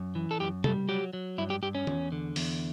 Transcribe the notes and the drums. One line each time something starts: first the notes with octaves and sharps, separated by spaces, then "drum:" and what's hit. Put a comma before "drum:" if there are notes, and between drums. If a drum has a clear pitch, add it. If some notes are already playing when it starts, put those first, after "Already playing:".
Already playing: F#2
E3
A4
F#2 G4
G3 A4, drum: tom C3
F#3 G4
F#3
G2 E4
G4
G2 G4
C#4
E2, drum: tom
D3
E2, drum: open hi-hat